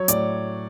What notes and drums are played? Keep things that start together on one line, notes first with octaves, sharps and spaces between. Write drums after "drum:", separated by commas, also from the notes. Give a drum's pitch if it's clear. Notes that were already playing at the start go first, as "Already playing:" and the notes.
Already playing: F#3 C#5
A2 D5, drum: hi-hat